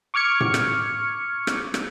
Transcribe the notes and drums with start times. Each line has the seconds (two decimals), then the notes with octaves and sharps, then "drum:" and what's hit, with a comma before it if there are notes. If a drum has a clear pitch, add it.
0.14 C#6 D6 F6 G#6 C#7
0.40 drum: tom A2
0.54 drum: rim click
1.47 drum: rim click
1.74 drum: rim click